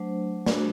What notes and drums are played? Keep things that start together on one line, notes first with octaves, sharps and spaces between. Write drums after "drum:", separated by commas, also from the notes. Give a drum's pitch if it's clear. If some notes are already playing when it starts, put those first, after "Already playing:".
Already playing: F#3 A3 D4 C5
A3 D4 F#4, drum: snare